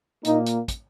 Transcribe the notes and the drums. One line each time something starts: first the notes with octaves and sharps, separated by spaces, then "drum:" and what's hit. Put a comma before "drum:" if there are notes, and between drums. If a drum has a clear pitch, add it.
A#2 A#3 D#4, drum: hi-hat
drum: hi-hat
drum: kick, hi-hat